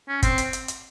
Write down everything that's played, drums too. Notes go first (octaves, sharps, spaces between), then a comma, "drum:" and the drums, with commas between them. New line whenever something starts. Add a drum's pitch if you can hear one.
C#4
C4, drum: kick G1, hi-hat
drum: hi-hat
drum: hi-hat
drum: hi-hat